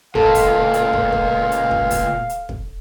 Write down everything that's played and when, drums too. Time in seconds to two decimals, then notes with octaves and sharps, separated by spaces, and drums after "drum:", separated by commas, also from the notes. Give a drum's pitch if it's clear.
0.15 C#2 A#2 A4 F5, drum: kick
0.35 drum: kick, open hi-hat
0.74 drum: hi-hat
0.93 drum: kick
1.13 drum: kick
1.52 drum: hi-hat
1.71 drum: kick
1.91 drum: kick, open hi-hat
2.29 drum: hi-hat
2.49 drum: kick